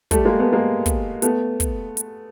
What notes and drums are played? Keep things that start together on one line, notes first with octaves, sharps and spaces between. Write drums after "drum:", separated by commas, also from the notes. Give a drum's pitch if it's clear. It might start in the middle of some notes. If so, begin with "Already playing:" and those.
G3 A3, drum: kick, hi-hat
G#3 A#3
A3 B3
G#3 A#3
drum: kick, hi-hat
A3 B3, drum: hi-hat
drum: kick, hi-hat
drum: hi-hat